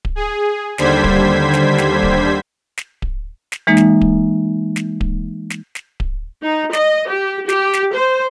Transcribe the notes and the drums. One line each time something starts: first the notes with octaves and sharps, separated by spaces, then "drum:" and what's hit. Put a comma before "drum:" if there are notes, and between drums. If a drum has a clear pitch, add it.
drum: kick D1
G#4
D#2 D3 G3 C5 G#6 B6, drum: snare
drum: kick D1
drum: snare
drum: snare
drum: kick D1
drum: snare
drum: kick D1
drum: snare
E3 G#3 A#3 D#4
drum: snare
drum: kick D1
drum: snare
drum: kick D1
drum: snare
drum: snare
drum: kick D1
D#4
D#5, drum: snare
G4
G4, drum: snare
drum: snare
C5